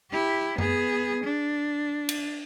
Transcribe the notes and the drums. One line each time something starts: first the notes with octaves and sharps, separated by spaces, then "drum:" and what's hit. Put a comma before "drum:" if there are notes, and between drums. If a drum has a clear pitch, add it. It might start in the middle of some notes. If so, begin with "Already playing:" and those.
E4 G4
B3 G#4, drum: tom F#2
D4
drum: cymbal